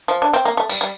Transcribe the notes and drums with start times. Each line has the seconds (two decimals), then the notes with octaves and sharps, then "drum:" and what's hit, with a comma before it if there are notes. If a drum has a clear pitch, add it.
0.08 F3
0.22 D4
0.33 C4
0.45 A#3
0.57 A3
0.69 G3, drum: tambourine
0.81 G3